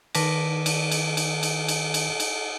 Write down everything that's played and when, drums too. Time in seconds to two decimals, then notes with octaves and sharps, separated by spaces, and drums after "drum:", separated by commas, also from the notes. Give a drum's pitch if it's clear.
0.15 D#3 B4 A5 D6 A#6 B6, drum: cymbal
0.66 drum: cymbal
0.91 drum: cymbal
1.17 drum: cymbal
1.43 drum: cymbal
1.68 drum: cymbal
1.94 drum: cymbal
2.20 drum: cymbal